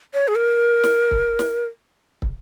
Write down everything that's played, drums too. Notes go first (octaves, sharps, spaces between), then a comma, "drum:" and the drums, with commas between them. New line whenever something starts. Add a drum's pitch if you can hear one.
C#5
G#4
A#4
drum: snare
drum: kick
drum: snare
drum: kick